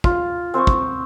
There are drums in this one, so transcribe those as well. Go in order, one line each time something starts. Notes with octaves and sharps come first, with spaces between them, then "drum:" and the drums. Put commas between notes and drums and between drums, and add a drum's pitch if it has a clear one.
F4, drum: kick
C4 C5 F#5 C#6
drum: kick